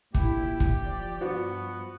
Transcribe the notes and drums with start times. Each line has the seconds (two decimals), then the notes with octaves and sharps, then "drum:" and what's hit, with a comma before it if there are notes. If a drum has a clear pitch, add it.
0.14 A#2 D3 E4 G4, drum: kick
0.60 drum: kick
0.80 F3 D5
1.21 G2 F3 B3 F#4